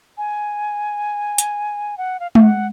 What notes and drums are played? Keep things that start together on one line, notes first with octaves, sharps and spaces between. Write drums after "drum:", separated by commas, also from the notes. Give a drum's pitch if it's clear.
G#5
drum: hi-hat
F#5
F5
F5, drum: tom G#3
F#5